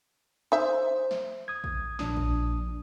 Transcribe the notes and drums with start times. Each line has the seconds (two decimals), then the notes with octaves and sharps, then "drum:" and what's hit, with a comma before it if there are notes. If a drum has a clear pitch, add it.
0.52 D#4 C5 E5
1.11 drum: snare
1.48 D#6 G#6
1.64 drum: kick
1.99 A#1 D4 D#6, drum: snare
2.17 drum: kick